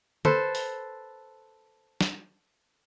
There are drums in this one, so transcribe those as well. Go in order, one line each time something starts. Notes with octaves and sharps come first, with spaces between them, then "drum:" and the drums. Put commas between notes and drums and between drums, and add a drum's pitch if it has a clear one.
A4 B4 C5, drum: tom
drum: open hi-hat
drum: snare